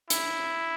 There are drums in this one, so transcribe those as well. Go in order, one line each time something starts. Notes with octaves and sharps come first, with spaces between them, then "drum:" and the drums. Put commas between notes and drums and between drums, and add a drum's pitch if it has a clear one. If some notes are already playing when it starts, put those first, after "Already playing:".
E4, drum: hi-hat